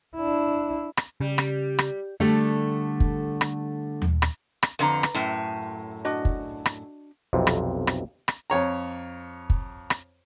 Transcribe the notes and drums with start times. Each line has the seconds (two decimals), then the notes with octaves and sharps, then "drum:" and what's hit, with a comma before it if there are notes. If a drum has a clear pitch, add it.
0.16 D4 E4
0.97 drum: rim click
1.21 C#3 G3
1.38 drum: rim click
1.79 drum: rim click
2.20 D3 G3 A3 G4 A4
3.00 drum: kick
3.41 drum: rim click
4.02 drum: tom D#2
4.22 drum: rim click
4.63 drum: rim click
4.79 F2 D3 B4 A#5
5.03 drum: rim click
5.15 F#2 A2
6.05 D4 F#4 D#5
6.25 drum: kick
6.66 drum: rim click
7.33 B1 F2 C3
7.47 drum: rim click
7.87 drum: rim click
8.28 drum: rim click
8.50 F2 C#5 A#5
9.50 drum: kick
9.90 drum: rim click